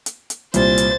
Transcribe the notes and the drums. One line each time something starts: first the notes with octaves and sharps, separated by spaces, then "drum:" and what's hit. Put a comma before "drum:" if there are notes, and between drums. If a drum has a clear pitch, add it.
drum: hi-hat
drum: hi-hat
C2 A#2 C5 A6, drum: hi-hat
drum: hi-hat